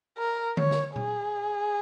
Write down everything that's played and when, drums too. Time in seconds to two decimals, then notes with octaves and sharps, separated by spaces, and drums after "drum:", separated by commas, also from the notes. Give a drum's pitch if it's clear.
0.18 A#4
0.57 C#5, drum: tom D3
0.71 drum: snare
0.96 G#4, drum: tom A#2